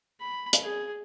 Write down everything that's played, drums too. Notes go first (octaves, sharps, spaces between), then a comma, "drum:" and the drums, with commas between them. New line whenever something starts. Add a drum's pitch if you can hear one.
B5
drum: hi-hat
G#4